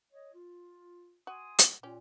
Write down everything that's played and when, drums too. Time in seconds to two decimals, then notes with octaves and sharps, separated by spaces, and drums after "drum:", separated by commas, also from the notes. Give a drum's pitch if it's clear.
0.12 C#5 D#5
0.33 F4
1.27 F#4 G#5 C6 D#6
1.59 drum: hi-hat
1.83 A#2 C#4 G4